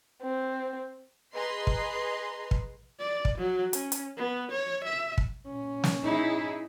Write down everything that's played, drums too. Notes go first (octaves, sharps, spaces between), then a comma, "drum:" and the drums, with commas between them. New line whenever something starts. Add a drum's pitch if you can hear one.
C4
G#4 B4 D#5 A#5 C6
drum: kick
drum: kick
D5
drum: kick
F#3
C#4, drum: hi-hat
drum: hi-hat
B3
C#5
E5
drum: kick
A#2 C#4
drum: snare
D#4 E4 G#4